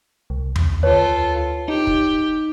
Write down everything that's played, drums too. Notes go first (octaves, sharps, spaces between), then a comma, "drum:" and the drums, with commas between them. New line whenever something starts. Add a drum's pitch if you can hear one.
C2
drum: tom E2
D2 F4 A4 B4 C#5
D#4 G4
drum: kick